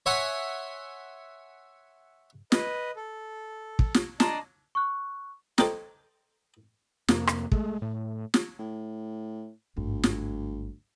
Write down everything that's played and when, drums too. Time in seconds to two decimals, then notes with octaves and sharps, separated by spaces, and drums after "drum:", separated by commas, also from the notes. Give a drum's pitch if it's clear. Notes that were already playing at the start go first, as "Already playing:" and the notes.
0.06 C#5 E5 F#5 G#5 C6
2.52 B4 D#5, drum: snare
2.96 A4
3.79 drum: kick
3.94 drum: snare
4.20 D4 D5 D#5 A5 A#5 C6, drum: snare
4.75 C#6 F#6
5.58 A4 C5 D5 D#5 G5 A#5, drum: snare
7.08 F2 C3 A#3, drum: snare
7.27 drum: rim click
7.52 G#3 A3, drum: kick
7.82 A2
8.34 drum: snare
8.59 A2
9.77 G#1 D2 G2
10.03 drum: snare